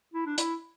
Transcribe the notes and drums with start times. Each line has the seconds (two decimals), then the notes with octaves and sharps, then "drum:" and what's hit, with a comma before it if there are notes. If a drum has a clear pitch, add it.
0.14 E4
0.26 D4
0.38 E4, drum: hi-hat